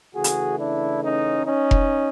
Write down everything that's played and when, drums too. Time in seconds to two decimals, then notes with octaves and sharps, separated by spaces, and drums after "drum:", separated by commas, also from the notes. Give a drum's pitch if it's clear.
0.15 C#3 E3 A3 F#4 G#4
0.24 drum: hi-hat
0.59 D4 E4
1.02 C#4 D#4
1.46 C#4 D#4
1.71 drum: kick F1